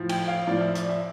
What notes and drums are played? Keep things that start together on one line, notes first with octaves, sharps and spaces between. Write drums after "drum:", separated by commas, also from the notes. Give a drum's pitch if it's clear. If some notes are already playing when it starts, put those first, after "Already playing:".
Already playing: A2 F3
G5, drum: cymbal
F5
A2 F3 D5
E5
D5, drum: hi-hat
E5